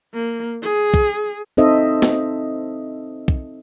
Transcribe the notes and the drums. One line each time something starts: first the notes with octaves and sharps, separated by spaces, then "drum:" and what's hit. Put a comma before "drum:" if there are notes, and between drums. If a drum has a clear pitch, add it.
A#3
G#4
drum: kick
C4 D#4 A4 C5 D#5 E5
drum: snare
drum: kick